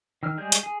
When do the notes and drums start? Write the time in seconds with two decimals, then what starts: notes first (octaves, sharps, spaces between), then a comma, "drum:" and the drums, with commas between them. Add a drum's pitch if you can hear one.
0.23 D#3 E6 F6
0.37 G3 G#3 G#4 G6
0.52 drum: hi-hat
0.63 G#4